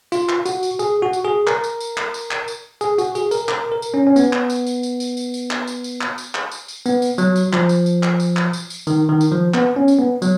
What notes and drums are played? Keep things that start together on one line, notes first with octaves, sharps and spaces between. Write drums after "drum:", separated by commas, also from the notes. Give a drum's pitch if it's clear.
F4, drum: tambourine
drum: clap
F#4, drum: tambourine
drum: tambourine
G#4, drum: tambourine
F#4
drum: tambourine
G#4
A#4, drum: clap
drum: tambourine
drum: tambourine
drum: clap
drum: tambourine
drum: clap
drum: tambourine
G#4, drum: tambourine
F#4, drum: tambourine
G#4, drum: tambourine
A#4, drum: tambourine
A#4, drum: clap
A#4
drum: tambourine
C#4
C#4
B3, drum: tambourine
drum: clap
drum: tambourine
drum: tambourine
drum: tambourine
drum: tambourine
drum: tambourine
drum: tambourine
drum: clap
drum: tambourine
drum: tambourine
drum: clap
drum: tambourine
drum: clap
drum: tambourine
drum: tambourine
B3, drum: tambourine
drum: tambourine
F#3, drum: tambourine
drum: tambourine
F3, drum: clap
drum: tambourine
drum: tambourine
drum: clap
drum: tambourine
drum: clap
drum: tambourine
drum: tambourine
D#3, drum: tambourine
D#3
drum: tambourine
F3
B3, drum: clap
C#4
drum: tambourine
B3
F#3, drum: tambourine